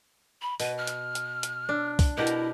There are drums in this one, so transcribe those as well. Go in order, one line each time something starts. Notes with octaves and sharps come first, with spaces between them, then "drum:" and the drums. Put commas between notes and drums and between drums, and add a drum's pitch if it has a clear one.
B5
B2 B4, drum: open hi-hat
F6
drum: hi-hat
drum: hi-hat
drum: hi-hat
D4
drum: kick, open hi-hat
B2 E4 G4 A#4
drum: hi-hat